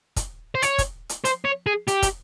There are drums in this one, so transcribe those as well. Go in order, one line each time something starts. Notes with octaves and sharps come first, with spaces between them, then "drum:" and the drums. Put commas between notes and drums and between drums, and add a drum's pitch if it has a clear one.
drum: kick, hi-hat
C5
C#5, drum: hi-hat
drum: kick, hi-hat
drum: hi-hat
C5, drum: hi-hat
C#5
G#4
G4, drum: hi-hat
drum: kick, hi-hat